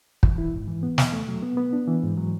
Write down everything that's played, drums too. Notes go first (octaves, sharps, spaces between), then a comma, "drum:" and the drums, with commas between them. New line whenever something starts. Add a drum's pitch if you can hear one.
E3, drum: kick
E4
G#2
E3
B3
E2, drum: snare
A3
F#3
B3
B3
D4
E3
G#2
F#3